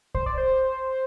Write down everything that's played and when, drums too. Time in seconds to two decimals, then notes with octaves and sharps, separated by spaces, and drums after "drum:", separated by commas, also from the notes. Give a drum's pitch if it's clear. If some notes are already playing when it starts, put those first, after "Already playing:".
0.14 C5, drum: kick
0.26 D5
0.38 C5